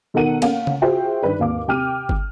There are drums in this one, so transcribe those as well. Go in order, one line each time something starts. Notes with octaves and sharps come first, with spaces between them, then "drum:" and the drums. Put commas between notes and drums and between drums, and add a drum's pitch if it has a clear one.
B2 D#3 A4 A#4 F#5 D#7
A#3 C#4 F5 F#5, drum: cymbal
drum: tom C#3
F4 F#4 G#4 C5 E5 G5
G2 D#3 B4 D5
G#1 D#2 F5 D6
C3 G4 G5 D6 F6 D#7
drum: kick